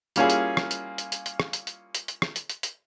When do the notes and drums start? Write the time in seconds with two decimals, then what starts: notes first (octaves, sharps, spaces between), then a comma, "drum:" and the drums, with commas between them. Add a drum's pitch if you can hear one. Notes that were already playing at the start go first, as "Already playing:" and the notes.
0.16 G3 A#3 C#4 E4 F4 G#4, drum: hi-hat
0.30 drum: hi-hat
0.57 drum: rim click
0.71 drum: hi-hat
0.98 drum: hi-hat
1.12 drum: hi-hat
1.26 drum: hi-hat
1.40 drum: rim click
1.53 drum: hi-hat
1.67 drum: hi-hat
1.95 drum: hi-hat
2.08 drum: hi-hat
2.22 drum: rim click
2.36 drum: hi-hat
2.50 drum: hi-hat
2.63 drum: hi-hat